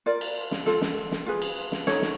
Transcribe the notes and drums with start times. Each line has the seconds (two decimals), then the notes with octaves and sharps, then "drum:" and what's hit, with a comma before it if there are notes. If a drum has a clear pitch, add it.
0.06 F4 A#4 D5
0.21 drum: cymbal
0.51 drum: snare
0.66 F4 A4, drum: snare
0.81 drum: snare
1.12 drum: snare
1.26 F4 G#4 B4
1.42 drum: cymbal
1.72 drum: snare
1.87 D#4 F#4 A4 C#5, drum: snare
2.02 drum: snare